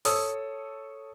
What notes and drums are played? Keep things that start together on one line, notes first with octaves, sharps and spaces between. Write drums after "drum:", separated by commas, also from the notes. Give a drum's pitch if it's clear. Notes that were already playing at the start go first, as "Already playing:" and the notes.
A4 C#5 D#6 E6, drum: open hi-hat